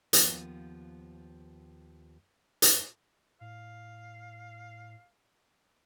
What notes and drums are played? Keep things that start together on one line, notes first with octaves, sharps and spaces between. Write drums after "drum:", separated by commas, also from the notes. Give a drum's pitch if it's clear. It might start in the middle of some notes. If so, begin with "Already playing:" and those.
D#2 F3 B3, drum: hi-hat
drum: hi-hat
A2 F5